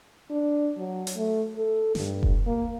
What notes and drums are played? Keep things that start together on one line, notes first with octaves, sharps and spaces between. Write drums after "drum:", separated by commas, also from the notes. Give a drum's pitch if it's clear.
D4
F#3
drum: hi-hat
A3
A4
G2, drum: snare
drum: kick F1
A#3